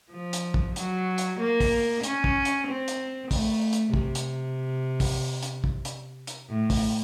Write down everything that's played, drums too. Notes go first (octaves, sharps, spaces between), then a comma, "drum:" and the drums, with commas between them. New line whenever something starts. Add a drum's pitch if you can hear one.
F3
drum: hi-hat
drum: kick
F#3, drum: hi-hat
drum: hi-hat
A#3
drum: kick, open hi-hat
C#4, drum: hi-hat
drum: kick
drum: hi-hat
C4
drum: hi-hat
A3, drum: kick, open hi-hat
drum: hi-hat
C3, drum: kick
drum: hi-hat
drum: kick, open hi-hat
drum: hi-hat
drum: kick
drum: hi-hat
drum: hi-hat
A2
drum: kick, open hi-hat